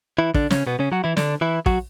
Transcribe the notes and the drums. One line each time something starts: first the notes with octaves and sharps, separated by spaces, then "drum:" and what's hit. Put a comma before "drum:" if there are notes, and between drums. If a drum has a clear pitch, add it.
E3 E4
D3 D4, drum: kick
C#3 C#4, drum: snare
B2 B3
C#3 C#4
F#3 F#4
E3 E4
D3 D4, drum: snare
E3 E4
F#3 F#4, drum: kick